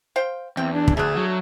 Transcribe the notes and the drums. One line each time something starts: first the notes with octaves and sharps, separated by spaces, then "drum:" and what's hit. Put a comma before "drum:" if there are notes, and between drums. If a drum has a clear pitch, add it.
C5 F5 G5
E2 C4 G5
D4
drum: kick
D2 A3 D4 G#4
F#3